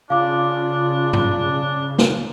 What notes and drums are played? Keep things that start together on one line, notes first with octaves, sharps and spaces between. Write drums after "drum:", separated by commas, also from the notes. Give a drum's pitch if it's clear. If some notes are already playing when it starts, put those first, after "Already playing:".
C#3 D4 F4 F5 D6
drum: tom G#2
drum: snare